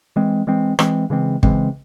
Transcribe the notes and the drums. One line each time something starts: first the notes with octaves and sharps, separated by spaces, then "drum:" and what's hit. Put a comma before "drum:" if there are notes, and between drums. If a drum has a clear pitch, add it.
E3 G#3 C4
E3 G#3 C4
E3 G#3 C4, drum: rim click
C#3 E3 G#3 C4
C#3 E3 G#3 C4, drum: kick